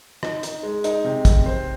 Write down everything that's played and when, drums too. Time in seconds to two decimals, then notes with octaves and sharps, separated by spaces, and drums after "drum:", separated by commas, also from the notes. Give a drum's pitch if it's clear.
0.23 D#4, drum: rim click
0.43 D#4, drum: hi-hat
0.63 G#3
0.84 D#4, drum: hi-hat
1.05 C3
1.25 C3, drum: kick, hi-hat
1.46 C5